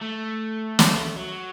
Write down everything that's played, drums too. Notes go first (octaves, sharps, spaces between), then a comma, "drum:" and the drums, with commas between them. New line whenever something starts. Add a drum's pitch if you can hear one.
A3
drum: snare
F#3